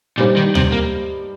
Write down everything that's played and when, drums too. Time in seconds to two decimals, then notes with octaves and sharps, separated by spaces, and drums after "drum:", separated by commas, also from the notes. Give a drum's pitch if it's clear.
0.18 G2 A#2 G3 D#4 C5
0.36 D#3
0.55 C3, drum: tom D2
0.72 A#3